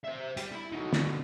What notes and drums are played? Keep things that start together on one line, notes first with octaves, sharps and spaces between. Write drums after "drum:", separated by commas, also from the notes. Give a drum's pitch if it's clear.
C5 E5
G3, drum: hi-hat
E4 B5
F#3 D#4
B2 D3, drum: snare